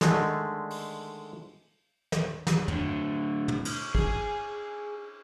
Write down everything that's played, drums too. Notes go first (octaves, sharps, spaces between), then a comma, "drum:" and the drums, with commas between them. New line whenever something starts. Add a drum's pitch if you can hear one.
D3 D#3 G#3 A3, drum: snare
drum: open hi-hat
drum: snare
drum: snare
A2 D3, drum: tom
drum: tom
drum: cymbal
G#4 G#5, drum: kick